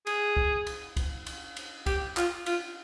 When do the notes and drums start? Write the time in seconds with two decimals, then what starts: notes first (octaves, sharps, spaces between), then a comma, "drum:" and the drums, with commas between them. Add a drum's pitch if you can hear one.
0.07 G#4, drum: cymbal
0.37 drum: kick
0.67 drum: cymbal
0.97 drum: kick, cymbal
1.27 drum: cymbal
1.56 drum: cymbal
1.86 G4, drum: kick, cymbal
2.17 F4, drum: clap
2.46 F4, drum: cymbal